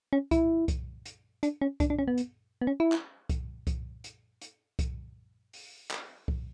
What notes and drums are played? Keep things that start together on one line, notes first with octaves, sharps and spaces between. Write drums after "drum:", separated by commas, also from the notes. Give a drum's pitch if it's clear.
C#4
E4, drum: kick C2, hi-hat
drum: kick C2, hi-hat
drum: hi-hat
D4, drum: hi-hat
C#4
D4, drum: kick C2, hi-hat
D4
C#4
B3
drum: hi-hat
B3
C#4
E4
drum: clap
drum: kick C2, hi-hat
drum: kick C2, hi-hat
drum: hi-hat
drum: hi-hat
drum: kick C2, hi-hat
drum: open hi-hat
drum: clap
drum: kick C2